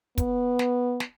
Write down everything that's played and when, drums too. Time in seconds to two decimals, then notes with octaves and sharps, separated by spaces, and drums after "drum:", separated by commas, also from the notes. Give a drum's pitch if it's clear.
0.18 B3, drum: kick, hi-hat
0.59 drum: snare
1.00 drum: snare